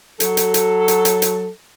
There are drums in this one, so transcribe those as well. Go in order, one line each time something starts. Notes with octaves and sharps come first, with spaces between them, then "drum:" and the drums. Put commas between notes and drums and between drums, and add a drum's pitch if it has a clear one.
F#3 A4, drum: hi-hat
drum: hi-hat
drum: hi-hat
drum: hi-hat
drum: hi-hat
drum: hi-hat